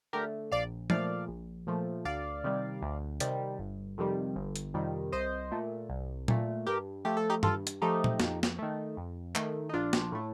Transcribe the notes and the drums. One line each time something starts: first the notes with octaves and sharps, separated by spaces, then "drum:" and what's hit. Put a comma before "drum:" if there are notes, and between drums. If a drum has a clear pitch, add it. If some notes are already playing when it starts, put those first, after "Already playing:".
D3 A3 G4 A#4
A#1 D5 F5
A#2 F3 A3 D5 F5, drum: tom F3
A#1
A#2 F3 A3
D2 D5 F5
C3 D#3 G3
D2
C3 D#3 G3, drum: hi-hat
G1
F2 C3 D#3 G3
G1
drum: hi-hat
F2 C3 D#3 G3
C2 C5 D#5
A#2 A3
C2
A#2 A3, drum: tom A#2
G2 G4 A#4
F3 A3 G4
A4
D#4 G4
G2 F4 A4, drum: tom G2
drum: hi-hat
F3 A3 D#4 G4
drum: tom A#2
F2, drum: snare
drum: snare
D#3 A3
F2
D#3 A3, drum: clap
D#4
A#1 D4 F4
drum: snare
A2 A3